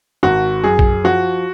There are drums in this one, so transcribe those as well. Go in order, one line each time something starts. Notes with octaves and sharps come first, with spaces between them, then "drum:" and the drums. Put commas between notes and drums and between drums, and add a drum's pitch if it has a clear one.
G#1 F#4
F#2 G#4
drum: kick
F3 F#4